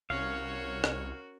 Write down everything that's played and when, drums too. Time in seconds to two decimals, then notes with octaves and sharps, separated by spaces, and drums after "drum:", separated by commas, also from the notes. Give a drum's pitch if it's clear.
0.10 C2 C#4 F#4 A#4 C#5 F5
0.84 drum: rim click